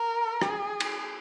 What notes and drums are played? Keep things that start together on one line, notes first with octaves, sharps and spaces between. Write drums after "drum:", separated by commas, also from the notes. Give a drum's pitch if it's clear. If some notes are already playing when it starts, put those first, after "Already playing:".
Already playing: A#4
G#4, drum: rim click
drum: cymbal